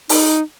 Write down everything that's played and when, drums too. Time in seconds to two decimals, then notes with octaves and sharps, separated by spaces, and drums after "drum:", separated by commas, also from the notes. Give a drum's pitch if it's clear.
0.09 D#4, drum: open hi-hat